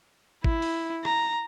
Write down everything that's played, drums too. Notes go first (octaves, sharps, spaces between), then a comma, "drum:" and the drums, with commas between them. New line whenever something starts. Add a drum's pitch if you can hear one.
E4, drum: kick
drum: open hi-hat
A#5, drum: rim click